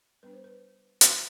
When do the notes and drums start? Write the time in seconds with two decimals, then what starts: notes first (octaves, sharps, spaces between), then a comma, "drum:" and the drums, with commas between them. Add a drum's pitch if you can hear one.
0.23 G3 B3 D4 B4
0.33 C5
0.44 B4
1.01 drum: hi-hat